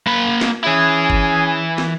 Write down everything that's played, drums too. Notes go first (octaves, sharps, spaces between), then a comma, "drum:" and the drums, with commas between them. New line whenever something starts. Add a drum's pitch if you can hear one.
A#3 B5
drum: snare
E3 C#4 E4 G#4
drum: kick
drum: snare